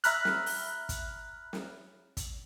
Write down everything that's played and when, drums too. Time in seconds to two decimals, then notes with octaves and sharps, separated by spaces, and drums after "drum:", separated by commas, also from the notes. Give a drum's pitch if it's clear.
0.04 E5 A#5 B5 F6 F#6, drum: hi-hat
0.25 drum: snare
0.46 drum: open hi-hat
0.89 drum: kick, hi-hat
1.53 drum: snare
2.17 drum: kick, hi-hat